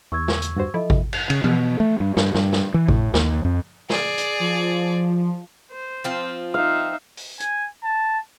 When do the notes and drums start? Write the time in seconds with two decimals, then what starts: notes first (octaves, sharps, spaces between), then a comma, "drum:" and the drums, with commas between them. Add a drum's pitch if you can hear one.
0.12 E2 C#6 E6 G#6
0.28 drum: snare
0.42 drum: hi-hat
0.56 G2 F#4 C5
0.74 F3 E4 A4 D#5
0.90 drum: kick G#1
1.13 drum: cymbal
1.30 C#3, drum: cymbal
1.44 B2, drum: tom E3
1.80 A3
2.00 G2
2.17 G2, drum: snare
2.35 G2, drum: snare
2.52 drum: snare
2.74 E3
2.88 A2, drum: kick G#1
3.14 D#2, drum: snare
3.45 F2
3.90 G#4 D5, drum: snare
4.18 drum: hi-hat
4.40 F3
5.72 C5
6.04 F3 C4 F4
6.54 D#4 E5 F5
7.17 drum: open hi-hat
7.40 G#5, drum: hi-hat
7.83 A5